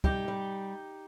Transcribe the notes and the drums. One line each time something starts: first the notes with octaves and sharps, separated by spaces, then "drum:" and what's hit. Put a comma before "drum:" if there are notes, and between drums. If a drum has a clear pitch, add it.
G3 D#4 G4, drum: kick
G3